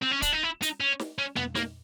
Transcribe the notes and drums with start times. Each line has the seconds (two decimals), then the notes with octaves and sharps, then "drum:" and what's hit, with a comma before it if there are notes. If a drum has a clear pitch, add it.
0.02 C4
0.12 C#4
0.22 D4, drum: kick D1, hi-hat
0.33 D#4
0.44 E4
0.62 D#4, drum: hi-hat
0.81 C#4
0.99 drum: snare
1.18 C#4
1.36 B3, drum: tom
1.55 A#3, drum: snare